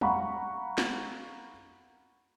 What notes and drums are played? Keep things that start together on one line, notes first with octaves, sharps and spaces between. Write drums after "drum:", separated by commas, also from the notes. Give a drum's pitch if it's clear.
F5 F#5 A#5 B5 C#6, drum: tom
drum: snare